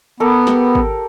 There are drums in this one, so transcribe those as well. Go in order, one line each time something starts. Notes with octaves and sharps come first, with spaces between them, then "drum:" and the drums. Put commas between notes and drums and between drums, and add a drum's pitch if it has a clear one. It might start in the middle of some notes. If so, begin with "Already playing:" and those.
B3 A4 A#4 D6
G4, drum: snare
drum: kick G#1